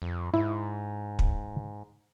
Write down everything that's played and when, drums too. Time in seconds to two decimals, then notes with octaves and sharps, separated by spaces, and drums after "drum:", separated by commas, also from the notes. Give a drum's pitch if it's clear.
0.02 F2
0.34 G#2 E4
1.19 drum: kick